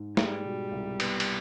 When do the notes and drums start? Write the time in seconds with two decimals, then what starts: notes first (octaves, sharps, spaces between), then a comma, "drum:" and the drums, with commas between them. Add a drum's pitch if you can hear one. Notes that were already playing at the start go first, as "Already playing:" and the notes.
Already playing: G#2
0.17 G3 G#3, drum: snare
0.45 B2
0.72 C2
1.00 B3, drum: cymbal
1.20 drum: cymbal